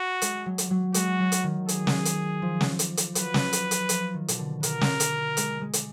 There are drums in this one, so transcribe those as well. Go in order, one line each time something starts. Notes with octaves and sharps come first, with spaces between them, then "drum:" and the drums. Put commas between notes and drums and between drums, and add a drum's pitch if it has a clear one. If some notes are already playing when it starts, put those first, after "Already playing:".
Already playing: F#4
G#3, drum: hi-hat
F#3
drum: hi-hat
F#3
G#3 F#4, drum: hi-hat
F#3
drum: hi-hat
D#3
G#4, drum: hi-hat
drum: snare
drum: hi-hat
F3
drum: snare
drum: hi-hat
drum: hi-hat
F#3 B4, drum: hi-hat
drum: snare
drum: hi-hat
drum: hi-hat
F3, drum: hi-hat
D#3
B2, drum: hi-hat
D3
B2 A#4, drum: hi-hat
drum: snare
drum: hi-hat
G#3, drum: hi-hat
G#3
drum: hi-hat